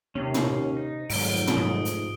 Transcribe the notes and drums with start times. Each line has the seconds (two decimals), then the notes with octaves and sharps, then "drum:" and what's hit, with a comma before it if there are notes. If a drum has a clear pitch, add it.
0.15 D#2 C3 C#4 F5
0.34 drum: tom
0.77 D#4
1.10 F1 G#2 D#3 F#3 D7 G7, drum: open hi-hat
1.47 drum: tom
1.57 G#2 D#6
1.85 drum: hi-hat